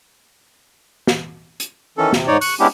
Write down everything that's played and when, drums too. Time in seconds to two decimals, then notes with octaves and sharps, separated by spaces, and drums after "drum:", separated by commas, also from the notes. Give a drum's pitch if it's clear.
1.07 drum: snare
1.60 drum: hi-hat
1.98 D#3 E3 C#4 A4
2.13 C3, drum: snare
2.28 G#2 D#4 C#5 D5
2.41 C#6 F#6, drum: open hi-hat
2.60 G#3 B3 C#4 D4 E4 G4